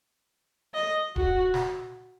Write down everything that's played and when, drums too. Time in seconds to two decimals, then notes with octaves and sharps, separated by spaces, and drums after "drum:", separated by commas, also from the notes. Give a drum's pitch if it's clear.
0.74 D#5
1.16 F#4, drum: kick D1
1.54 drum: snare